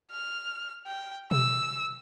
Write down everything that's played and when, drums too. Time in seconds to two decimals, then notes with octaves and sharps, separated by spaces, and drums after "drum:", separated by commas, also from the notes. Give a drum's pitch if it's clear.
0.11 F6
0.87 G5
1.31 E6, drum: tom B2